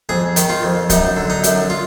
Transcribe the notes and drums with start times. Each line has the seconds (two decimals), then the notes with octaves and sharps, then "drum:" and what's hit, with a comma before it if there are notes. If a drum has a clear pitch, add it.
0.09 F2 G#4
0.36 D#3, drum: hi-hat
0.49 F4
0.63 F2
0.90 F#2 D#4, drum: kick, hi-hat
1.17 D3
1.30 D#4
1.44 F#2, drum: hi-hat
1.70 F4